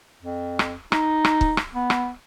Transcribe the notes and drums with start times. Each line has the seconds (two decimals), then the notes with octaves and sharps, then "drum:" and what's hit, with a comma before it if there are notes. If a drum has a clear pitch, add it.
0.22 F2
0.59 drum: rim click
0.92 D#4, drum: rim click
1.25 drum: rim click
1.41 drum: kick
1.57 drum: rim click
1.74 B3
1.90 drum: rim click